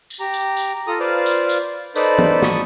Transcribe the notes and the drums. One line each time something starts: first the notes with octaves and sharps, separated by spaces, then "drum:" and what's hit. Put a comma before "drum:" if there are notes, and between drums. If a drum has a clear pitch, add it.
drum: tambourine
G4 A#5
drum: tambourine
drum: tambourine
F4 A4 A#5 D#6
F4 B4 C5 D5 F5
drum: tambourine
drum: tambourine
D#4 A4 B4 C5 D5 B5, drum: tambourine
drum: tom E3
A5 B5 C#6 D#6, drum: snare